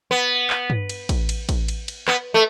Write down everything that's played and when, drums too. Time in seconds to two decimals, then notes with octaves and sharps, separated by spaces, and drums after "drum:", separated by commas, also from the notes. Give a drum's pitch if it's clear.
0.11 B3
0.50 drum: clap
0.70 drum: tom G2
0.89 drum: cymbal
1.09 drum: kick A1, cymbal
1.29 drum: cymbal
1.49 drum: kick A1, cymbal
1.68 drum: cymbal
1.88 drum: cymbal
2.08 B3, drum: clap
2.34 A3